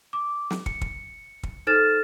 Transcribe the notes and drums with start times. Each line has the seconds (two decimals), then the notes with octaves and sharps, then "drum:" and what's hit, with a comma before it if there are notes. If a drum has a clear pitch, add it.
0.13 D6
0.50 drum: snare
0.66 C#7, drum: kick
0.81 drum: kick
1.43 drum: kick
1.67 D#4 A4 C5 F6 A6 E7